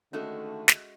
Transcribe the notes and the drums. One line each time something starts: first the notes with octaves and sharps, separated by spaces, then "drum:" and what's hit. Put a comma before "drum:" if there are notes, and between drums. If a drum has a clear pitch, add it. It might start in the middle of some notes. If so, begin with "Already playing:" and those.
D3 D#3 G#3 A3 C#4 F#4 A4 E5
drum: snare